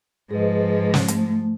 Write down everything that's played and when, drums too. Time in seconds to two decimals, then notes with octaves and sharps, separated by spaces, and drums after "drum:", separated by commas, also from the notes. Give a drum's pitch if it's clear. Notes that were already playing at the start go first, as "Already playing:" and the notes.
0.31 G#2 F3 G#4 B4 D#5
0.94 drum: snare
1.08 A3, drum: hi-hat